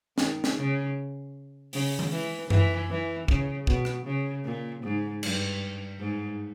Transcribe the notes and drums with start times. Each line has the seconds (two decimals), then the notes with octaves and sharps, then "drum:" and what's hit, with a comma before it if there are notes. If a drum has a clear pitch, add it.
0.18 D#3, drum: snare
0.44 drum: snare
0.56 C#3
1.73 C#3, drum: open hi-hat
1.99 drum: tom D#3
2.12 E3
2.50 E3, drum: tom F#2
2.89 E3
3.28 C#3, drum: kick
3.67 B2, drum: kick
3.85 drum: rim click
4.06 C#3
4.45 A#2
4.83 G#2
5.23 G2, drum: cymbal
6.00 G#2